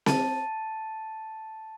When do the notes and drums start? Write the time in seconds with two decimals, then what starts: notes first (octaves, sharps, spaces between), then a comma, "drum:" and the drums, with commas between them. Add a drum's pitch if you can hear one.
0.06 A5 A6 D#7, drum: snare C4